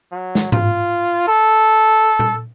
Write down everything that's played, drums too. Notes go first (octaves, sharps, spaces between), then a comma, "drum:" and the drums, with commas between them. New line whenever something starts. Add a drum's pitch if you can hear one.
F#3
drum: snare
F4, drum: tom G#2
A4
drum: tom A#2